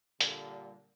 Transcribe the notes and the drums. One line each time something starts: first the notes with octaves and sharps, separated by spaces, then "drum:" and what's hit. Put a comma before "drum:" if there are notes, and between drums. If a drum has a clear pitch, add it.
A#2 D3 G3, drum: hi-hat